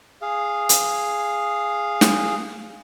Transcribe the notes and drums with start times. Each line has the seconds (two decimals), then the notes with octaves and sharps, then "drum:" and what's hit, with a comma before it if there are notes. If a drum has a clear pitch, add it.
0.22 G#4 F5
0.69 drum: hi-hat
2.01 drum: snare